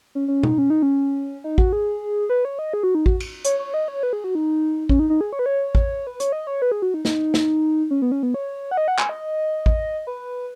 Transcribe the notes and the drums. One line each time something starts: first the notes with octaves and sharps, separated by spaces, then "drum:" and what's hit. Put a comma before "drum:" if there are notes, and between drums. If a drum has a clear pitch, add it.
C#4
C#4
D#4, drum: tom B2
C#4
D#4
C#4
D#4
F#4, drum: kick A1
G#4
B4
C#5
D#5
G#4
F#4
D#4
F#4, drum: kick A1
drum: cymbal
C#5, drum: hi-hat
C#5
D#5
C#5
B4
G#4
F#4
D#4
C#4, drum: kick A1
D#4
D#4
G#4
C#5
B4
C#5
drum: kick A1
B4
C#5, drum: hi-hat
D#5
C#5
B4
G#4
F#4
D#4
D#4, drum: snare
drum: snare
C#4
B3
C#4
B3
C#5
F#5
D#5
F#5
G#5, drum: clap
D#5
drum: kick A1
B4